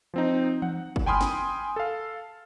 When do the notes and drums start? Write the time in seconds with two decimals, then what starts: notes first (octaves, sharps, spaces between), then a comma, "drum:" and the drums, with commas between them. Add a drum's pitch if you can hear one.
0.14 F3 C4 D#4
0.62 F#5, drum: tom E3
0.96 drum: kick
1.06 G5 G#5 B5 C6 D#6 F6
1.21 drum: snare
1.76 A4 F5